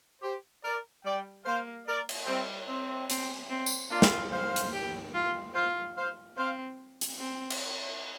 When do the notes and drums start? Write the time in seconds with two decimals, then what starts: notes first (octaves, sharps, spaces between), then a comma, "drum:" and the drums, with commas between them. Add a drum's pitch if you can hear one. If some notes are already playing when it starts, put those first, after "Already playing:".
0.22 G4 C5
0.64 A#4 D5
1.04 G3 D5 G5
1.45 A#3 C5 F5
1.87 A#4 D5
2.09 drum: cymbal
2.27 G3 C4
2.68 C4
3.10 C4, drum: hi-hat
3.50 C4
3.66 drum: tambourine
3.91 A#3 D4 F4
4.02 drum: snare
4.32 C5 F5
4.56 drum: hi-hat
4.73 G4
5.14 F4
5.55 F4 C5 F5
5.96 C5 F5
6.36 C4 C5 F5
7.01 drum: hi-hat
7.19 C4
7.50 drum: cymbal